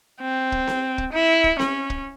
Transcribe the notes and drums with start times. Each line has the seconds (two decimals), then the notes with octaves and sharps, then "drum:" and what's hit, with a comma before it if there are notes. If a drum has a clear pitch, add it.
0.21 C4
0.52 drum: kick
0.67 drum: snare C4
0.98 drum: kick
1.13 E4
1.44 drum: kick
1.59 C#4, drum: snare C4
1.90 drum: kick